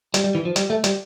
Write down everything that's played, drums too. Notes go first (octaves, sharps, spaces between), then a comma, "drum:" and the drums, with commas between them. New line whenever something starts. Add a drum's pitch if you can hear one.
G3, drum: hi-hat
G3
E3
F3
G3, drum: hi-hat
A3
G3, drum: hi-hat